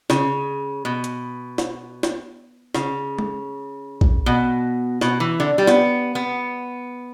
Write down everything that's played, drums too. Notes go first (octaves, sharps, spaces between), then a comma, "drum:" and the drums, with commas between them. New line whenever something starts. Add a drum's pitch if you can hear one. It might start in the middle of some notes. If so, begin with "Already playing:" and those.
C#3, drum: snare
B2
drum: hi-hat
drum: snare
drum: snare
C#3, drum: snare
drum: tom G#3
drum: kick A#1
B2
B2, drum: snare
E3
D3
G3
B3, drum: snare
B3